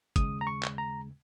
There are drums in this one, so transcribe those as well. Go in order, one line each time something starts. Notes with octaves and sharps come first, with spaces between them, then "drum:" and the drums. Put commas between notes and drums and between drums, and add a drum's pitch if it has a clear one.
D#2 C#3 G#3 D#6, drum: kick G#1, hi-hat
A#5
C#6
drum: clap
A#5